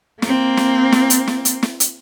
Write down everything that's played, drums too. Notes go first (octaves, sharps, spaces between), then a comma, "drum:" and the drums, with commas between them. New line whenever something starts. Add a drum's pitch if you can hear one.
A#3 C4, drum: snare
drum: snare
drum: snare
drum: hi-hat
drum: snare
drum: hi-hat
drum: snare
drum: hi-hat